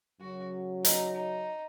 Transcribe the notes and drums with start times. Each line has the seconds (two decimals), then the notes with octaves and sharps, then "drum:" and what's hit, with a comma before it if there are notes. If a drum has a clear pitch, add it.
0.20 F#2 C#3 F#3 F#4
0.85 D#4, drum: hi-hat
1.16 D#4